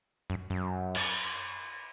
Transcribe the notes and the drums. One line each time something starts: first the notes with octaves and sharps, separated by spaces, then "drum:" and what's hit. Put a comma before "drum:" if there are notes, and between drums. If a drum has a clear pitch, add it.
F#2
F#2
drum: cymbal